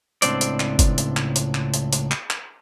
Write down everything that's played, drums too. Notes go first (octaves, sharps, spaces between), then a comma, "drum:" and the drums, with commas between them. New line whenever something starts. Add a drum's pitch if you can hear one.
C#2 A2 C4 D4 C5 D5, drum: hi-hat
drum: hi-hat
drum: clap
drum: kick, hi-hat
drum: hi-hat
drum: clap
drum: hi-hat
drum: clap
drum: hi-hat
drum: hi-hat
drum: clap
drum: clap